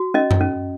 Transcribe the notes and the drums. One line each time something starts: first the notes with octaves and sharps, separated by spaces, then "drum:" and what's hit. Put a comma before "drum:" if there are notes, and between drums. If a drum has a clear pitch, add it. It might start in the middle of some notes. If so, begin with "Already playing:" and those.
Already playing: F#4
C#4 D#5
drum: tom F#2
C#4